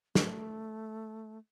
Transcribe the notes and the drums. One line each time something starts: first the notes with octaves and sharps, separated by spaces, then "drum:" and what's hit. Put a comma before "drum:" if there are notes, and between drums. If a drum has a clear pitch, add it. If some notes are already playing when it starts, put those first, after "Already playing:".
A3, drum: snare